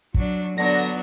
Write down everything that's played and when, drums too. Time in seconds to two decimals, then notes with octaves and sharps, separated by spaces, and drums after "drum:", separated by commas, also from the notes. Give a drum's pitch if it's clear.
0.14 F#3 D4, drum: kick
0.58 D3 F#3 B3 D4 A#6